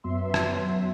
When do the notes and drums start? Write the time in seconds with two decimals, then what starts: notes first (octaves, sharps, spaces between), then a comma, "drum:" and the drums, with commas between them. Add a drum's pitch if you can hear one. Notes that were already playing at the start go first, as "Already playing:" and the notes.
0.04 F#2 F#3 B3 E5 C6
0.34 drum: rim click